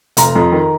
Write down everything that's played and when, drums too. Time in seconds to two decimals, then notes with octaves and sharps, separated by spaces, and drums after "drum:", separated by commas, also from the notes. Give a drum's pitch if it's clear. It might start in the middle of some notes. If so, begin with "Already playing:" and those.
0.17 F1 A#5, drum: hi-hat
0.35 F2
0.52 D#3